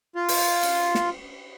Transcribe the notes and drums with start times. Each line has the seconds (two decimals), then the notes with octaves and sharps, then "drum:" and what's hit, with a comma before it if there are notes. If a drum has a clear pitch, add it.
0.15 F4
0.28 drum: open hi-hat
0.63 drum: cymbal
0.95 drum: snare